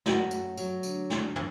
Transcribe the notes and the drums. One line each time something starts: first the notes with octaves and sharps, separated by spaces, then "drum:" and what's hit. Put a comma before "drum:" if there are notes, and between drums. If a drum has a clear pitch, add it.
F#2 F#4, drum: snare
A3, drum: tambourine
F#3, drum: tambourine
D3, drum: tambourine
F#2, drum: snare
drum: tom